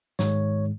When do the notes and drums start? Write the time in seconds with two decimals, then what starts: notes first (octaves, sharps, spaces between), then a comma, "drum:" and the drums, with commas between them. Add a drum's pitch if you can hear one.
0.19 G#2 D#3 G#3 C#5, drum: snare